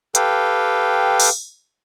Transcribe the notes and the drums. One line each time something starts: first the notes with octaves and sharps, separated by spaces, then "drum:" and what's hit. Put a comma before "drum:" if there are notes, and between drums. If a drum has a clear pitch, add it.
G4 A4 B4 F5 G5, drum: hi-hat
drum: open hi-hat